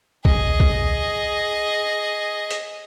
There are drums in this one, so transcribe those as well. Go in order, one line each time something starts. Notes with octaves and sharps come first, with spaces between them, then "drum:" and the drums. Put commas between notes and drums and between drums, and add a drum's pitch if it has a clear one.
G#4 D#5, drum: kick B1
drum: kick B1
drum: hi-hat